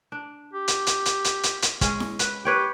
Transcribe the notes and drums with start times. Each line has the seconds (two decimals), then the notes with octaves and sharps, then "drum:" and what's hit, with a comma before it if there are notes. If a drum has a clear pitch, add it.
0.12 D4
0.54 G4
0.68 drum: hi-hat
0.87 drum: hi-hat
1.06 drum: hi-hat
1.24 drum: hi-hat
1.43 drum: hi-hat
1.62 drum: hi-hat
1.81 G#3 C#4, drum: kick, hi-hat
2.00 drum: snare E4
2.19 B4, drum: hi-hat
2.45 G4 B4 C#5 G5